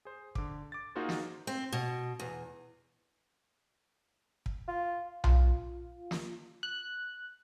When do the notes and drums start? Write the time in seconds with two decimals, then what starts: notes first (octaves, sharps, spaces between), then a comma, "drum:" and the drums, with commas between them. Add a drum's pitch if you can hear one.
0.05 G#4 C5
0.35 D3 D6, drum: kick
0.72 D6 A6
0.95 A#3 D#4 F4 F#4 G#4 C5
1.09 drum: snare
1.47 C4
1.72 B2
2.20 E2
4.46 drum: kick
4.68 F4
5.24 F4, drum: tom B1
6.11 drum: snare
6.63 F#6